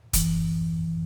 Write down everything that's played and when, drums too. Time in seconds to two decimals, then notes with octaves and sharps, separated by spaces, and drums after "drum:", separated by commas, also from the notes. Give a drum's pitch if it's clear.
0.13 G#1 F#2 E3, drum: kick, hi-hat